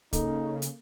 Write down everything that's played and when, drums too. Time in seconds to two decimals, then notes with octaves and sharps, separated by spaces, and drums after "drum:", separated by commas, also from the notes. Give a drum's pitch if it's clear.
0.13 C#3 A#3 D#4 A4, drum: kick, hi-hat
0.62 drum: hi-hat